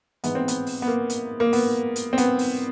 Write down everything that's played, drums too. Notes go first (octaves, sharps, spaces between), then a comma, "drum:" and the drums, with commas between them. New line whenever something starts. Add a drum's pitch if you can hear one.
G#2 E3 B3, drum: hi-hat
C4
B3, drum: hi-hat
drum: open hi-hat
B3
A#3
drum: hi-hat
A#3
B3, drum: open hi-hat
drum: hi-hat
C4
B3, drum: hi-hat
drum: open hi-hat